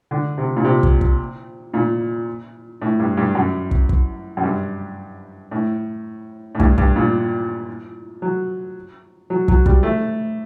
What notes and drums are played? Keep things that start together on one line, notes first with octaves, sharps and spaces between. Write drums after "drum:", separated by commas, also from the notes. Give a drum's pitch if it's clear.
D3
C3
A#2
C3
drum: kick
drum: kick
A#2
A2
G2
G2
F#2
drum: kick
drum: kick
F#2
G2
A2
A2
G2, drum: kick
G2, drum: kick
A#2
F#3
F#3
F#3, drum: kick
G3, drum: kick
A3